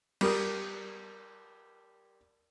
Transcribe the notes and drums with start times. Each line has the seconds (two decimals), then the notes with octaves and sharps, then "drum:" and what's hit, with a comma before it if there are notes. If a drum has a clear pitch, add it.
0.21 G3 A#4 D#6, drum: cymbal